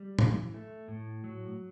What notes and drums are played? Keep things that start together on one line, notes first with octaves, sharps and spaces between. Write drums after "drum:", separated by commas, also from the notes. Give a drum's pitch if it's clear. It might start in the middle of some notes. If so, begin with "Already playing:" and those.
Already playing: G3
E3, drum: tom
A3
A2
F#3